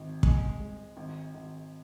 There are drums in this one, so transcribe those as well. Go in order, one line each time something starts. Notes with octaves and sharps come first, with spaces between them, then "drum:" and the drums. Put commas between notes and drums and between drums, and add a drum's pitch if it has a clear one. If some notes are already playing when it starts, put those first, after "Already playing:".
Already playing: G#1
G#3, drum: kick
G#3
G#1
G#1